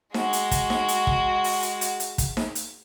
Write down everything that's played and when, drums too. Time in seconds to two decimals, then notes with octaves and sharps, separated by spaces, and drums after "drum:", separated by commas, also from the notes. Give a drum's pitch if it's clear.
0.14 G#3 F#4, drum: snare D#4
0.33 drum: hi-hat
0.51 drum: kick, hi-hat
0.70 drum: snare D#4
0.88 drum: hi-hat
1.07 drum: kick
1.44 drum: open hi-hat
1.63 drum: hi-hat
1.81 drum: hi-hat
2.00 drum: hi-hat
2.18 drum: kick, hi-hat
2.37 drum: snare D#4
2.55 drum: hi-hat